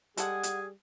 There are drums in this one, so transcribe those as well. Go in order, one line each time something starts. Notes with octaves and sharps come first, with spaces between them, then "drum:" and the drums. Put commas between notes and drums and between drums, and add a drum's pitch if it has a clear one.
G3 G#3 G#4 A4 F#5, drum: hi-hat
drum: hi-hat